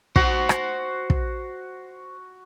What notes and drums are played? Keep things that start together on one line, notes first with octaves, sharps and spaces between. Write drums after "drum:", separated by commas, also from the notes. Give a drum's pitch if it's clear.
F#4 C5 F#5, drum: kick
drum: rim click
drum: kick